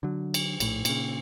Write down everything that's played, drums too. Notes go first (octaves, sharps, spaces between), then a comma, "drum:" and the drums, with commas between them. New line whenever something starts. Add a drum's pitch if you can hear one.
D3 F#3
drum: cymbal
A#1 A2, drum: cymbal
A#2 C#3, drum: cymbal